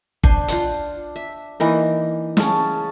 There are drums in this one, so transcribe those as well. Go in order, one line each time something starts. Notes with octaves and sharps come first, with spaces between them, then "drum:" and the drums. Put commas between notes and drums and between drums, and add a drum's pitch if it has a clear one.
D4 C5 G#5, drum: kick G1
F4 C5 F#5, drum: hi-hat
E5
E3 A#3 D#4
C#3 C#4 A5, drum: snare